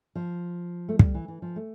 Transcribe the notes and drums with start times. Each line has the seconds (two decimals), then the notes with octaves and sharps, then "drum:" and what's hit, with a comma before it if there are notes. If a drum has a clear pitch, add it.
0.15 F3
0.89 A3
0.99 G3, drum: kick
1.14 E3
1.28 E3
1.42 F3
1.56 A3